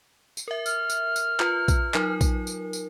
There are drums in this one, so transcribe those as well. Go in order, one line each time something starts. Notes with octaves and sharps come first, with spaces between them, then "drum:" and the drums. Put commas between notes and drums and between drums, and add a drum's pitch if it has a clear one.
drum: tambourine
A#4 E5
F6, drum: tambourine
drum: tambourine
drum: tambourine
F4 B4, drum: clap
drum: kick A#1, tambourine
F#3 D#4 A#4, drum: clap
drum: kick A#1, tambourine
drum: tambourine
drum: tambourine